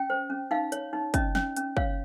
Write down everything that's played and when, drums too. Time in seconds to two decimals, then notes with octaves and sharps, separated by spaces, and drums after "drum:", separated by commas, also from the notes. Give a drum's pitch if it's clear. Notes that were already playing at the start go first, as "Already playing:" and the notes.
Already playing: C#4 G5
0.10 C5
0.30 C#4
0.51 D#4 F5
0.72 C#5, drum: hi-hat
0.93 D#4
1.14 C#4 D#5, drum: kick, hi-hat
1.35 C#4, drum: snare
1.56 C#4, drum: hi-hat
1.77 C#5 F5, drum: kick